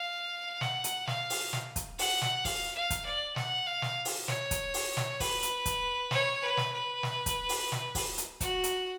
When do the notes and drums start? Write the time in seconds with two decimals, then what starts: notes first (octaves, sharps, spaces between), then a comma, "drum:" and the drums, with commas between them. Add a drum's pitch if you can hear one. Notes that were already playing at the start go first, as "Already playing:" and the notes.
Already playing: F5
0.61 F#5, drum: snare
0.84 drum: hi-hat
1.07 F5, drum: snare
1.30 drum: open hi-hat
1.53 drum: snare
1.76 drum: kick, hi-hat
1.99 F#5, drum: open hi-hat
2.22 drum: snare
2.45 F5, drum: kick, open hi-hat
2.75 F5
2.90 drum: kick, hi-hat
3.06 D5
3.36 F#5, drum: snare
3.66 F5
3.82 drum: snare
4.05 drum: open hi-hat
4.28 C#5, drum: snare
4.51 drum: kick, hi-hat
4.74 drum: open hi-hat
4.97 drum: snare
5.20 B4, drum: kick, open hi-hat
5.43 drum: hi-hat
5.66 drum: kick, hi-hat
6.11 C#5, drum: snare
6.42 B4
6.57 drum: snare
6.73 B4
7.03 drum: snare
7.26 drum: kick, hi-hat
7.49 drum: open hi-hat
7.72 drum: snare
7.95 drum: kick, open hi-hat
8.18 drum: hi-hat
8.41 F#4, drum: kick, hi-hat
8.64 drum: hi-hat